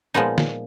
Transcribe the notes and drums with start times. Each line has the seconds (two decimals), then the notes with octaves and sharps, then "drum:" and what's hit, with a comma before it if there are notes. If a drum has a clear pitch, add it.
0.14 A#2 F3 G#3 B3 D#4
0.38 drum: snare